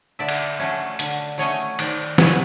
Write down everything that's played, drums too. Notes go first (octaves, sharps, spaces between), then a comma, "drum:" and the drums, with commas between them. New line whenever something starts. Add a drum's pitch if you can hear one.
D3 D5 E5
drum: cymbal
F#3 A3 C#4
D3, drum: hi-hat
F#3 A3 C#4 C#5 D#5
D#3 C5 D5, drum: cymbal
G#3 B3 B4 C#5, drum: snare